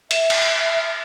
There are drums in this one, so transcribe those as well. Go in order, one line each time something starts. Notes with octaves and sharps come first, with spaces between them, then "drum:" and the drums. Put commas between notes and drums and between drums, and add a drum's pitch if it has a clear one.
E5, drum: hi-hat
drum: cymbal